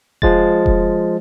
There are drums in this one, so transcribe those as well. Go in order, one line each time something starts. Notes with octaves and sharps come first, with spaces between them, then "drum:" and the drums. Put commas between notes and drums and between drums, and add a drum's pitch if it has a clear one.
F3 G#3 A6, drum: kick E1
drum: kick E1